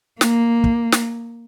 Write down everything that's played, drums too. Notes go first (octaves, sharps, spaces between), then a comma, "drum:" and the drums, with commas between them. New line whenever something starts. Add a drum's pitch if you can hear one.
A#3, drum: snare
drum: kick
drum: snare